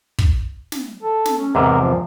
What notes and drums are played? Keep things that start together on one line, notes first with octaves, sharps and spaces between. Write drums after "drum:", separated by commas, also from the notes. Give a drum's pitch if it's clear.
drum: kick
drum: snare
A4
drum: snare
C#4
E2 G#2 C3 A#4
F3